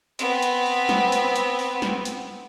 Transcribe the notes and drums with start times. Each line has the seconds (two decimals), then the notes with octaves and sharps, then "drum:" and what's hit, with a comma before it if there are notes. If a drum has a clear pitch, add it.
0.19 B3 C4, drum: hi-hat
0.42 drum: hi-hat
0.66 drum: open hi-hat
0.89 drum: snare
1.12 drum: hi-hat
1.36 drum: hi-hat
1.59 drum: open hi-hat
1.82 drum: snare
2.05 drum: hi-hat